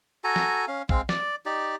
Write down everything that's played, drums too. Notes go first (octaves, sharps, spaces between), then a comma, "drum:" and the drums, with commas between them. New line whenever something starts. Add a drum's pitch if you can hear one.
F#4 A4 G#5 A#5
drum: snare
C#4 F5
G#3 C4 F5, drum: kick
D5, drum: snare
D#4 G4 D5